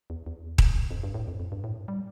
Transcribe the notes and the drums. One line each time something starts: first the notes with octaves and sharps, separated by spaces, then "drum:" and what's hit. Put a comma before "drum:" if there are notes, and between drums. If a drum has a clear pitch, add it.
E2
E2
drum: kick D#1
F2
G2
A2
F2
F2
G2
A2
G3